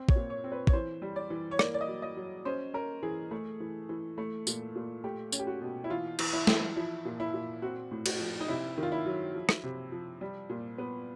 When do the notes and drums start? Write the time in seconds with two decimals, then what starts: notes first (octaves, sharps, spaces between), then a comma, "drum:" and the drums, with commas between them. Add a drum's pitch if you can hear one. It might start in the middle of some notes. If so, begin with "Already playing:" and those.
Already playing: C4
0.09 C#5, drum: kick
0.16 A#2
0.30 C#5
0.44 C4
0.52 B4
0.67 C#5, drum: kick
0.73 E3 C5
1.02 G3
1.16 D5
1.30 E3
1.51 C#5
1.59 A#3 D5, drum: rim click
1.74 D5
1.81 D#5
1.88 F#3
2.02 D#5
2.17 F#3
2.45 C#4 C5
2.74 C#4 A#4
3.03 E3 G#4
3.31 A3
3.60 E3
3.89 E3
4.18 A3
4.47 A#2, drum: tambourine
4.76 A#2
5.04 A3 G4
5.32 C#4, drum: tambourine
5.39 G4
5.47 F#4
5.62 B2
5.84 E4
5.90 E3 F4
6.19 E3, drum: cymbal
6.33 E4
6.47 E3, drum: snare
6.76 F3 E4
7.05 A#2
7.20 E4
7.34 A#2
7.62 C4 F#4
7.91 A2
8.06 F#4, drum: cymbal
8.20 F3
8.41 D#4
8.48 C3 E4
8.78 D#3
8.83 F4
8.92 E4
9.06 F#3
9.35 F3
9.49 drum: rim click
9.64 C3
9.92 F3
10.21 G3
10.50 A#2
10.78 B3